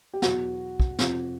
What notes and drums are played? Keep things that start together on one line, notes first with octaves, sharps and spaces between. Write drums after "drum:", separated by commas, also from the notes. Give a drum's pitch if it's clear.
G4
E2 B2 F#3 F#4, drum: snare
drum: kick
F2 C3 F3, drum: snare